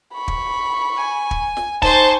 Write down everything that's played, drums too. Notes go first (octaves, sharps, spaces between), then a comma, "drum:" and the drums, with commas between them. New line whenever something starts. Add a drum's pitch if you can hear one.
B5 C#6
drum: kick
G#5
drum: kick
drum: snare
D#4 C5 G#5 A5 C#6, drum: kick